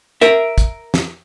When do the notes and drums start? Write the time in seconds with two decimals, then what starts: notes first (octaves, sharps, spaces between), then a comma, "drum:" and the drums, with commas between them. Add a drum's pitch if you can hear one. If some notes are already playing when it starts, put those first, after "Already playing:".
0.21 A#4 E5, drum: hi-hat
0.58 drum: kick, hi-hat
0.94 drum: snare